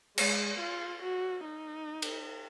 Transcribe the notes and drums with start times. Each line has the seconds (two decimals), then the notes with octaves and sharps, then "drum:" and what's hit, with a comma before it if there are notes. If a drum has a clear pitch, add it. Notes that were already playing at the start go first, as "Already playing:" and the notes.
0.18 G#3, drum: cymbal
0.60 F4
1.03 F#4
1.44 D#4
2.02 drum: cymbal